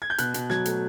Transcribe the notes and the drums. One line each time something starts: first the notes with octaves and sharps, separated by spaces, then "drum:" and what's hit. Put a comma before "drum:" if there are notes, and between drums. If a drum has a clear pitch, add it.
G#6
G6
B2 F#6, drum: hi-hat
B2, drum: hi-hat
F#3 G#6, drum: snare
A3, drum: hi-hat